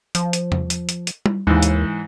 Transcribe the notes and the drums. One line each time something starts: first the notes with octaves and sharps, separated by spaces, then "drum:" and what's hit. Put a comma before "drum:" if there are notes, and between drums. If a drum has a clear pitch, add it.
F3, drum: hi-hat
drum: hi-hat
drum: tom E2
drum: hi-hat
drum: hi-hat
drum: hi-hat
drum: tom G3
D#2 G#2 E3
drum: hi-hat